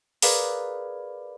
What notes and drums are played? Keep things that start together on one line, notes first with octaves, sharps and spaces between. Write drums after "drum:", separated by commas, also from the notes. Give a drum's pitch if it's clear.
G#4 A#4 B4 D5 F5, drum: open hi-hat